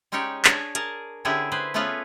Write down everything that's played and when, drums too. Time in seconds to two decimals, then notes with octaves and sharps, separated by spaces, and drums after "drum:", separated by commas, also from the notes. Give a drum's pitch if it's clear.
0.12 G#3 C#4 D#4 G4 C#5 D5
0.45 D4 G#4 C#5, drum: clap
0.75 G#4 A#4 A5, drum: hi-hat
1.25 D3 C#4 D4 E4 G4 G#4
1.52 G#4 B4 C5
1.74 A3 B3 C#4 F4 G#4 B4